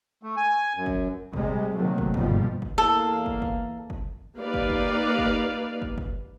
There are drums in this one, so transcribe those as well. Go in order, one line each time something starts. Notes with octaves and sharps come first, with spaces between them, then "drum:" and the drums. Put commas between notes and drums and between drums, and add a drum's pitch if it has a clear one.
A3
G#5
F#2
drum: kick
C3 G3 G#3, drum: kick
C3 D#3 F#3 A3 A#3
drum: kick
G1 G#2 B2 F3 G3, drum: kick
drum: kick
E2 A#3 A4 F5
drum: kick
drum: kick
drum: kick
A#3 D#4 G4 B4 D5 F5
drum: kick
drum: kick
drum: kick
drum: kick
drum: kick